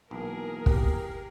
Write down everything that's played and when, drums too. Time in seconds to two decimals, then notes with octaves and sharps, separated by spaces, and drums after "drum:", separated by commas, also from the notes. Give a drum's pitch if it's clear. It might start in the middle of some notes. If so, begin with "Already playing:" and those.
0.11 B1 E3 A#3 G#4 A#4
0.66 G4, drum: kick